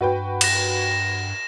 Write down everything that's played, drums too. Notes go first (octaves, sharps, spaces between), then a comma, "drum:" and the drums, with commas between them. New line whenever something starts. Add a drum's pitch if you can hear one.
G2 F#4 B4 G5
A#6 E7, drum: cymbal